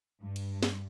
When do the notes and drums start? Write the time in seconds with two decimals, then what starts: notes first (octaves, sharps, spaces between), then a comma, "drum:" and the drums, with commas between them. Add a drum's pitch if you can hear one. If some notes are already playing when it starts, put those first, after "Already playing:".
0.23 G2
0.36 drum: cymbal
0.63 drum: snare